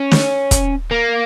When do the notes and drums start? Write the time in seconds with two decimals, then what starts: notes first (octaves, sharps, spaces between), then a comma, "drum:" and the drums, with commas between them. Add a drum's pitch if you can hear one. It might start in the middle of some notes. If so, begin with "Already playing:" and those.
Already playing: C#4
0.11 drum: snare
0.51 drum: kick, hi-hat
0.91 A#3